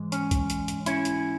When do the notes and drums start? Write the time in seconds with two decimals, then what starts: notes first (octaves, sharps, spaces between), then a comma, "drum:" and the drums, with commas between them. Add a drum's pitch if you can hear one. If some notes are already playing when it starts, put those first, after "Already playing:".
Already playing: G#2 E3 G#3
0.12 C#4, drum: hi-hat
0.31 drum: kick B1, hi-hat
0.50 drum: hi-hat
0.68 drum: hi-hat
0.86 C#4 E4, drum: hi-hat
1.05 drum: hi-hat